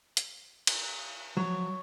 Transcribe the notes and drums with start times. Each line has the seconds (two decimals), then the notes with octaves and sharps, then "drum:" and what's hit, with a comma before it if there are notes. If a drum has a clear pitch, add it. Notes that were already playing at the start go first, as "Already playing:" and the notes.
0.17 drum: hi-hat
0.67 drum: cymbal
1.37 F3 F#3 C#5